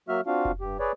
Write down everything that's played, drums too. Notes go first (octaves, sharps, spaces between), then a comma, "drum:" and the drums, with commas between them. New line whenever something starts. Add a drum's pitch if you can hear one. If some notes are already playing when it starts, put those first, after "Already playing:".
F#3 A#3 F#4 E5 F6
C4 D4 F4 F#4 F5
drum: kick F1
G2 G4
G#4 B4 C#5 D5